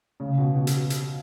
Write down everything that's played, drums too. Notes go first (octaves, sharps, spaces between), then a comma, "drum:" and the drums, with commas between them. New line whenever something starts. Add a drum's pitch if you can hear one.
C#3
B2
B2
drum: hi-hat
drum: hi-hat